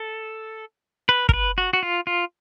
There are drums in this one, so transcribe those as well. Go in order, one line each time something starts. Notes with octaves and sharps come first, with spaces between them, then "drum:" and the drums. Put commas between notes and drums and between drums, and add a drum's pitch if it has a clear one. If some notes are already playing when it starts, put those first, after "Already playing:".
Already playing: A4
B4
A#4, drum: kick
B4
F#4
F#4
F4
F4